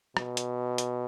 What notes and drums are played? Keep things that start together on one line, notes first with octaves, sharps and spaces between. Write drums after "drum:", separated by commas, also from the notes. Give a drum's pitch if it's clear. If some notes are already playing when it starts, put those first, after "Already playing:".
B2, drum: rim click
drum: hi-hat
drum: hi-hat